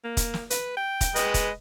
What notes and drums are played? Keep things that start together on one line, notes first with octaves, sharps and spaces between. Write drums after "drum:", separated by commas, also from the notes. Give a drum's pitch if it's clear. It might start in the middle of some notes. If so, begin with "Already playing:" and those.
A#3
drum: kick, hi-hat
drum: snare
B4, drum: hi-hat
G5
drum: kick, hi-hat
G#3 B4 D#5, drum: hi-hat
drum: kick, hi-hat